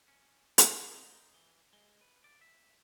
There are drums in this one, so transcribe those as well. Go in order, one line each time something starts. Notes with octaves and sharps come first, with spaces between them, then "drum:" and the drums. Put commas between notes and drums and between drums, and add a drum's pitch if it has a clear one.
C#4
C#3, drum: hi-hat
D#4
E3
G#3
B4
D5
E5